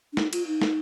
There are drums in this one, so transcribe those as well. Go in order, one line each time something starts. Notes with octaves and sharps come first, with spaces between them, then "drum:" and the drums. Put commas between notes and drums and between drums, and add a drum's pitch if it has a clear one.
D4
D#4, drum: snare
F4, drum: cymbal
D#4
drum: snare